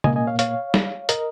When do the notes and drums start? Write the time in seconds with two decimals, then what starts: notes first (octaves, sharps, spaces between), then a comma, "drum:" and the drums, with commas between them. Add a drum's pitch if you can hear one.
0.04 A#2 A#3 D#5 G#5, drum: tom C3
0.16 D#5 G#5
0.27 C#5 F5
0.39 C#5 F5, drum: hi-hat
0.74 drum: snare
1.09 A#4 D#5, drum: hi-hat